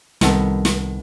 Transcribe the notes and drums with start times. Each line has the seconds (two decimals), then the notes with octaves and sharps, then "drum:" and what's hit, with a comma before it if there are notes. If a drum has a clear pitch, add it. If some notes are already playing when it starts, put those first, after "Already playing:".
0.21 C2 D#3 B3 A4, drum: snare
0.65 drum: snare